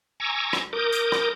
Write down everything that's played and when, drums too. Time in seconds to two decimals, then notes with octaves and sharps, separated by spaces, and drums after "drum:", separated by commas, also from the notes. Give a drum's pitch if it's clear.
0.20 G#5 A#5 C#6 D6 E6
0.53 drum: rim click
0.73 A#4 D6 D#6 G6
0.93 drum: hi-hat
1.12 drum: rim click